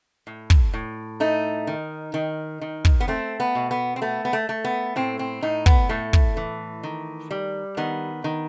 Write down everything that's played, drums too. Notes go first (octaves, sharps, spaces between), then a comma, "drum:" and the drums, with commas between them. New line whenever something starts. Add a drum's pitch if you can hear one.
A2
drum: kick
A2
A3 D#4
D#3
D#3
D#3
drum: kick
B3
A3 C4
B3
B2
B3
C4
A3 B3
B3
A3
A3
B3
A2 C4
C4
A2 D#4
B3, drum: kick
A2 A3
drum: kick
E3
D#3
G3
D#3 B3
D#3